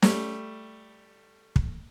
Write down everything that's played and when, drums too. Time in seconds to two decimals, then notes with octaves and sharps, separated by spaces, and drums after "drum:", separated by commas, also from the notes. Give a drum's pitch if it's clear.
0.02 G3 A3, drum: snare
1.56 drum: kick